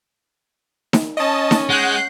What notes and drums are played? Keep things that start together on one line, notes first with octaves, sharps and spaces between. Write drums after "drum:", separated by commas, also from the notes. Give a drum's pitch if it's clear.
drum: snare D#4
C#4 D#5 A5
drum: snare D#4
G#3 F#5 F#6 G6